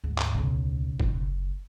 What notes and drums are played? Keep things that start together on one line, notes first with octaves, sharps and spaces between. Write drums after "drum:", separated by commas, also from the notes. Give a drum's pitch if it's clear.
D2 G#2
drum: clap
B1 C#3
F#1, drum: kick